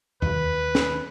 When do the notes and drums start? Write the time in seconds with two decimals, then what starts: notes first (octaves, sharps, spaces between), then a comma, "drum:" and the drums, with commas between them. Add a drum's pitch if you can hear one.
0.22 D#2 B4, drum: tom E2
0.75 drum: snare